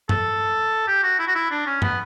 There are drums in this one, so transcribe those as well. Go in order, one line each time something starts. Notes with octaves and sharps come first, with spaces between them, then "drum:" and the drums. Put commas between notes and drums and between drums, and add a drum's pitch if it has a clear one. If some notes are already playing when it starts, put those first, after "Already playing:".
A4, drum: tom G2
G4
F#4
E4
F#4
E4
D4
C#4
B3, drum: tom G2